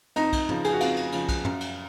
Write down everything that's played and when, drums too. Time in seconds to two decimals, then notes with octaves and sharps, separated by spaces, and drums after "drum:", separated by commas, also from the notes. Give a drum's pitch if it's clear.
0.16 F2 D#4, drum: cymbal
0.33 drum: kick, cymbal
0.49 C#3 F3, drum: tom
0.64 G#4, drum: cymbal
0.73 F#4
0.80 F2 F4, drum: cymbal
0.97 drum: cymbal
1.12 C#3 F3, drum: cymbal
1.29 drum: kick, cymbal
1.45 F#2, drum: tom
1.61 drum: cymbal